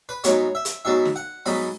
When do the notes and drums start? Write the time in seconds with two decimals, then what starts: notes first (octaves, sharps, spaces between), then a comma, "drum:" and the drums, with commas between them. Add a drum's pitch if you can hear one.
0.09 B4
0.24 G#2 F#3 B3 C#5, drum: hi-hat
0.55 E5
0.65 drum: hi-hat
0.85 G#2 F#3 B3 E5
1.05 drum: snare
1.16 F#5
1.46 G#2 F#3 B3 B5, drum: open hi-hat